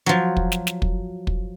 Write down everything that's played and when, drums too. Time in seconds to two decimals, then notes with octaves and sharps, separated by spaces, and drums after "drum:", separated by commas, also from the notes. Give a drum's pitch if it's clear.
0.06 F3 F#3
0.37 drum: kick
0.52 drum: snare
0.67 drum: snare
0.82 drum: kick
1.27 drum: kick